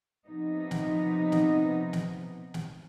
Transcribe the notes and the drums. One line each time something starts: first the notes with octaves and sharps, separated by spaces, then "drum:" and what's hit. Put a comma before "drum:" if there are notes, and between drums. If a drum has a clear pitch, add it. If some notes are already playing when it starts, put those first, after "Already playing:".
C3 F3 B3 D#4
drum: snare
drum: snare
drum: snare
drum: snare